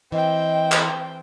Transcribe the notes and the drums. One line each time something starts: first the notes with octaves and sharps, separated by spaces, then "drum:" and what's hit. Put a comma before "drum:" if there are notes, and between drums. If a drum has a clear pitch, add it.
E3 C4 D#5 G5
drum: clap